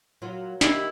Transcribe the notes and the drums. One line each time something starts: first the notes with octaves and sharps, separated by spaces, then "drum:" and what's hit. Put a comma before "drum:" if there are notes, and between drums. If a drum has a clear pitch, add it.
A#2 F#3 F4
D#3 A#3 E4 G4, drum: snare